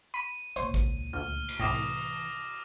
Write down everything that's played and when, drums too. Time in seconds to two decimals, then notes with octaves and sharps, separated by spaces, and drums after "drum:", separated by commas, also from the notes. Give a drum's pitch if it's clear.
0.14 B5 D#7
0.56 C#2 A#2 C5 C#5
0.74 drum: kick A1
1.13 D2 F6
1.49 drum: cymbal
1.60 C2 A2 E3 D6 D#6 A#6